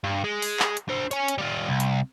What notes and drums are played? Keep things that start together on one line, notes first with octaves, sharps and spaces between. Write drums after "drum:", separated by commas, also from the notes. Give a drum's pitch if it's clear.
G2
G#3
drum: open hi-hat
drum: clap
drum: hi-hat
D4 C5
C#5 G#5, drum: hi-hat
drum: hi-hat
G3 F4
C2
drum: hi-hat